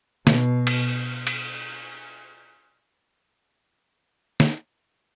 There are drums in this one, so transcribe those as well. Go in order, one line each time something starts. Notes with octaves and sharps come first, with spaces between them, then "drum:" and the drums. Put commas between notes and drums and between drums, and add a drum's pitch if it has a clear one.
B2, drum: snare
drum: cymbal
drum: cymbal
drum: snare